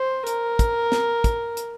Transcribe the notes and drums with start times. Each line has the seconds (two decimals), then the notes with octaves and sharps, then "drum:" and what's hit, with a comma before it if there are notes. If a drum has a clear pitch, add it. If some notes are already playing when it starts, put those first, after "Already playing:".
Already playing: C5
0.26 A#4, drum: hi-hat
0.59 drum: kick, hi-hat
0.92 drum: snare
1.24 drum: kick, hi-hat
1.57 drum: hi-hat